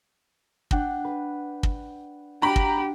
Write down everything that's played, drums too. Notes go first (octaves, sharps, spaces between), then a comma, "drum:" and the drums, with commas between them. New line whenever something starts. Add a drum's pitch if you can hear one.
D4 F#5 G5, drum: kick
B4
drum: kick
D4 F#4 G4 A#5 B5
drum: kick